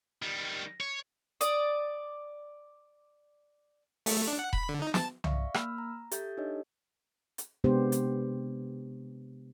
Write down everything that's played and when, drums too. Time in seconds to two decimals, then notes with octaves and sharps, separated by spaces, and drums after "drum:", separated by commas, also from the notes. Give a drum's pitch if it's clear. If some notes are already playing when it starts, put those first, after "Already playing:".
0.22 D#3 G3
0.80 C#5
1.41 D5 D#6, drum: hi-hat
4.06 A3, drum: open hi-hat
4.27 D4
4.39 F#5
4.53 B5, drum: kick E1
4.69 D3
4.82 D#4
4.94 A5, drum: snare
5.24 D5 E5 F5 C#6, drum: tom C2
5.54 A#3 B5 E6 F6, drum: rim click
5.78 A#5
6.11 G4 A4 E5 G6 A6, drum: hi-hat
6.37 D4 D#4 G4 A4 C#5 D#5
7.38 drum: hi-hat
7.64 C3 G#3 B3 D4 G4 C5
7.92 drum: hi-hat